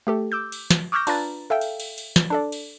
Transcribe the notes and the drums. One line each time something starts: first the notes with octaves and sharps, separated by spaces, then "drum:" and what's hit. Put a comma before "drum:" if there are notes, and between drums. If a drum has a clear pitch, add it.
A3 G4 A4
D6 E6 G6
drum: cymbal
drum: snare
C#6 D6 E6 F6 G6 A#6
D4 F4 B4 A#5 A6, drum: cymbal
A4 E5 F5 G5
drum: cymbal
drum: cymbal
drum: cymbal
drum: snare
D4 A4 D5
drum: cymbal